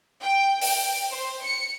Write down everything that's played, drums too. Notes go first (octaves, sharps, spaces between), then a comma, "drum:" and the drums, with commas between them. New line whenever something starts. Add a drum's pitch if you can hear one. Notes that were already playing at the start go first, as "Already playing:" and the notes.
G5
G5, drum: open hi-hat
C5
C#7